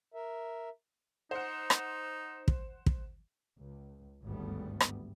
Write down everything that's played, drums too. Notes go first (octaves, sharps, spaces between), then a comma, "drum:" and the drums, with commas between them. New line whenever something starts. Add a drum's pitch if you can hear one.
A#4 E5
D#4 C5 F#5
drum: rim click
drum: kick
drum: kick
C#2
G#1 D2 G2 G3 A3 B3
drum: rim click